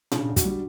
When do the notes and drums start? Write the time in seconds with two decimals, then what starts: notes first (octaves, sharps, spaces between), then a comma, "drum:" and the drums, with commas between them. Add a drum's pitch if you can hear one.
0.12 C#3 D4, drum: tom A#2
0.29 D3
0.36 F#4, drum: kick, hi-hat
0.45 G3